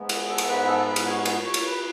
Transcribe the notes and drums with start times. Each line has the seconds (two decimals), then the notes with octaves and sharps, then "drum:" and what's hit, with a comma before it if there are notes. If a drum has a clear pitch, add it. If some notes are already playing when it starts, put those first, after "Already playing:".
Already playing: G#2 G#3 B3
0.09 drum: cymbal
0.29 A4
0.38 drum: cymbal
0.48 B4
0.67 A4
0.86 B4
0.96 drum: cymbal
1.05 C#5
1.25 C#5, drum: cymbal
1.45 C#5
1.54 drum: cymbal
1.63 B4